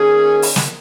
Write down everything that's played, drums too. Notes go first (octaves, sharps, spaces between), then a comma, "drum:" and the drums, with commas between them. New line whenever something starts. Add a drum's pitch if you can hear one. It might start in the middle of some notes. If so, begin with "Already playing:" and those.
Already playing: D#3 A#3 C#4 G#4
drum: open hi-hat
drum: snare